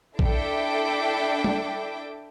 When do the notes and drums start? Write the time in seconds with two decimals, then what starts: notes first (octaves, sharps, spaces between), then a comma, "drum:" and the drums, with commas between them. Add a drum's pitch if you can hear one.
0.19 D4 E4 A4 E5 G5 D6, drum: kick A#1
1.44 drum: tom